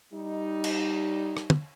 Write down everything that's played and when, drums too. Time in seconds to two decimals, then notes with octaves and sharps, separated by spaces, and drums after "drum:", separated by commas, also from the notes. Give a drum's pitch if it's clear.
0.14 G3 D#4
0.64 drum: cymbal
1.37 drum: rim click
1.50 drum: tom